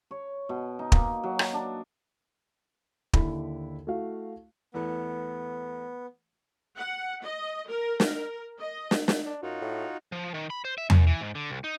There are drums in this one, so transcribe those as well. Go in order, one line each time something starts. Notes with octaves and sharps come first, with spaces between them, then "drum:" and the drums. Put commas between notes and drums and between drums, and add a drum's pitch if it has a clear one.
C#5
B2
D#4
A#3, drum: kick
F#3
drum: rim click
D4
D#2 D3 E4 B5, drum: kick
A3 E4 F#4 F5
E2 E3 A3 B3
F#5
D#5
A#4
A#4, drum: snare
D#5
drum: snare
drum: snare
D4
F#2 D#4 F4 F#4
A2
F3
D#3
B5
C5
E5
F#2, drum: tom E2
E3
G#2
D3
C2
D#4